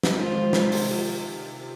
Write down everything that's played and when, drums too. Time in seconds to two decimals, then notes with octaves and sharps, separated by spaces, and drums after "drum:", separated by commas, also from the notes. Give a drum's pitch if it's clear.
0.03 drum: snare
0.16 D#3 G#3 F4 C5
0.34 F3
0.53 C3, drum: snare
0.72 C3, drum: open hi-hat
0.91 F3